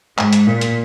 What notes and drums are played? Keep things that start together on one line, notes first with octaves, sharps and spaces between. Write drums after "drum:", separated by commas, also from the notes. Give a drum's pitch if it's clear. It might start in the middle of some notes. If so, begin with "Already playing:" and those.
G#2, drum: clap
drum: hi-hat
A#2
drum: hi-hat